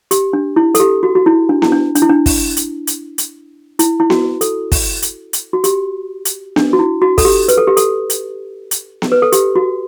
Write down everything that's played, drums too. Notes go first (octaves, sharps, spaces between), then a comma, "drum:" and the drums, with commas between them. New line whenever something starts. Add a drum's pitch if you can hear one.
G4, drum: hi-hat
D4
E4
A4, drum: hi-hat
G4
F#4
F#4
E4
D4
E4, drum: snare B3
D4
D4, drum: hi-hat
E4
D4
drum: kick, open hi-hat
drum: hi-hat
drum: hi-hat
drum: hi-hat
E4, drum: hi-hat
E4
F#4, drum: snare B3
A4, drum: hi-hat
drum: kick, open hi-hat
drum: hi-hat
drum: hi-hat
F#4
G4, drum: hi-hat
drum: hi-hat
D4, drum: snare B3
F#4
E4
F#4
A4, drum: kick, open hi-hat
G4
B4, drum: hi-hat
A4
G4
A4, drum: hi-hat
drum: hi-hat
drum: hi-hat
drum: snare B3
B4
A4
G4, drum: hi-hat
F#4